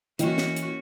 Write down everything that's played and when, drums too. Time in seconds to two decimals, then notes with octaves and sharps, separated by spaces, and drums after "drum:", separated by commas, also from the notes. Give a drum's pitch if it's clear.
0.19 E3 A#3 C#4 F#4 D#5 G5, drum: hi-hat
0.38 drum: snare
0.56 drum: hi-hat